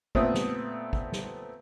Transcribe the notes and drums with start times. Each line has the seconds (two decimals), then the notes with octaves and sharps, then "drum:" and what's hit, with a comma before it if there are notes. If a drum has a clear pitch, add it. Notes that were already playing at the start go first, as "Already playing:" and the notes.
0.15 A#2 A3 B3 C4 E5 D#6, drum: kick
0.34 drum: snare
0.93 drum: kick
1.12 drum: snare